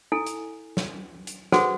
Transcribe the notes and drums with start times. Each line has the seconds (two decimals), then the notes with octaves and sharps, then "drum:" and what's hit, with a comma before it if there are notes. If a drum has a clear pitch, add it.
0.12 E4 A4 G#5
0.27 drum: hi-hat
0.77 drum: snare
1.27 drum: hi-hat
1.52 F#4 G#4 A4 B4 C5 F#5, drum: snare